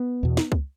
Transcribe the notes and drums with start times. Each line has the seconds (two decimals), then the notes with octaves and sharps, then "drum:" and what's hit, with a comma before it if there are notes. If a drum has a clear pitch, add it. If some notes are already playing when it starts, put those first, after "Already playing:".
Already playing: B3
0.23 E2 B2
0.37 drum: snare
0.52 drum: kick C#2